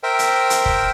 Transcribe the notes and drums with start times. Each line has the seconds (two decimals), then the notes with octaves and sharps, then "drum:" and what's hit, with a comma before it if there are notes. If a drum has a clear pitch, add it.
0.03 A#4 C5 E5 G5
0.19 drum: hi-hat
0.50 drum: hi-hat
0.66 drum: kick